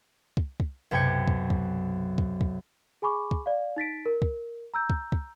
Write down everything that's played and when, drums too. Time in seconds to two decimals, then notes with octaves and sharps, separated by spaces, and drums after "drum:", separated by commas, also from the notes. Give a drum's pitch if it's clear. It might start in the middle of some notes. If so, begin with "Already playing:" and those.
0.37 drum: kick
0.60 drum: kick
0.91 B1 F#2 C3 G5 G#6 C#7
1.28 drum: kick
1.50 drum: kick
2.18 drum: kick
2.41 drum: kick
3.02 G#4 G#5 B5 C#6 D6
3.31 drum: kick
3.46 D5 F5
3.76 D#4 A6 B6 D7
4.06 A#4
4.22 drum: kick
4.74 A#5 E6 G6
4.90 drum: kick
5.12 drum: kick